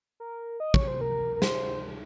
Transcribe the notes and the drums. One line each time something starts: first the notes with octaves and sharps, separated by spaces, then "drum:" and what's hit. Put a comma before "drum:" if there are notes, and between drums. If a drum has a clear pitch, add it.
A#4
D#5
C#5, drum: kick
C5
A#4
A#4
C5, drum: snare